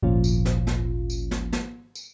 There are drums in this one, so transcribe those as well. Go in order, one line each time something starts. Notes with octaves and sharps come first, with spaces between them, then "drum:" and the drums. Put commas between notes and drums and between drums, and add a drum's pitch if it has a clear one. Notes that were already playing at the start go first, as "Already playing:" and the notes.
G#1 D2 A#2 F3 C#4 F4
drum: tambourine
drum: snare
drum: snare
drum: tambourine
drum: snare
drum: snare
drum: tambourine